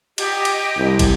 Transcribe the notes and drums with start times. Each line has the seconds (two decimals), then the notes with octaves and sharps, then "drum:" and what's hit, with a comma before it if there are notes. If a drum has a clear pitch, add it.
0.18 G4 D#5, drum: cymbal
0.45 drum: cymbal
0.77 C2
0.99 drum: kick, cymbal